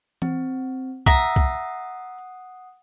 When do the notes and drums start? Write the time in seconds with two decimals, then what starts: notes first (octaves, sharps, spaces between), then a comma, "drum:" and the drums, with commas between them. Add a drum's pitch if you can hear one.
0.22 C4, drum: tom E3
1.06 E5 F#5 A#5 D#6, drum: kick
1.36 drum: kick